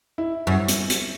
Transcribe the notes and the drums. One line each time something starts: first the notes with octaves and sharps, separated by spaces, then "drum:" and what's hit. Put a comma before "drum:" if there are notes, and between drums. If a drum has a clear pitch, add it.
E4
F#2
drum: hi-hat
drum: hi-hat